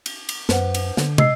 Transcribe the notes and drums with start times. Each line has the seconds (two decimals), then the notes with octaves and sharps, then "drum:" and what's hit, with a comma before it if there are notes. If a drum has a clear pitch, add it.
0.06 drum: cymbal
0.29 drum: cymbal
0.49 F#2 B4 C5 F#5, drum: snare
0.74 drum: cymbal
0.97 D3, drum: snare
1.18 D#5 E6 C7, drum: tom